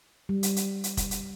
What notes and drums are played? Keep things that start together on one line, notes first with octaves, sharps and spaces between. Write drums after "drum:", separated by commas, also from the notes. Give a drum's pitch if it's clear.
G3
drum: hi-hat
drum: hi-hat
drum: hi-hat
drum: kick, hi-hat
drum: hi-hat